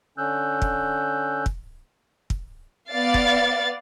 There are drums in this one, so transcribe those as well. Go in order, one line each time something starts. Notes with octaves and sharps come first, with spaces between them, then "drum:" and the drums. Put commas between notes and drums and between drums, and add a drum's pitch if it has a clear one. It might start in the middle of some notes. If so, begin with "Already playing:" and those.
D3 C#4 E6 F#6 G6
drum: kick
drum: kick
drum: kick
B3 D5 F5 A6
drum: kick